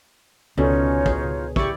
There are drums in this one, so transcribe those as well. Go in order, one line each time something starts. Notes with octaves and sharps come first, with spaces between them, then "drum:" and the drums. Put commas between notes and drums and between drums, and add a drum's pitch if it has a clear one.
C#2 B2 D3 C#4 D#4 F4 C#5
G#4, drum: kick
E4 G4 D5 C#6, drum: kick